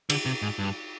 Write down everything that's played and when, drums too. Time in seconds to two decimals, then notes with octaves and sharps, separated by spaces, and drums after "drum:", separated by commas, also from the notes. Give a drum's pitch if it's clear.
0.10 D3, drum: cymbal
0.26 C3
0.42 G#2
0.59 G2